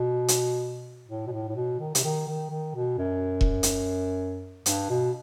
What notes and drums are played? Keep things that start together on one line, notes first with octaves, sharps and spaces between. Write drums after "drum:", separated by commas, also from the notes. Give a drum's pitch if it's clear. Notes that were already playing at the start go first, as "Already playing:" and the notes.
Already playing: B2
drum: hi-hat
A2
B2
A2
A2
B2
D#3
C3, drum: hi-hat
D#3
D#3
D#3
B2
F#2
drum: kick E1
drum: hi-hat
G2, drum: hi-hat
B2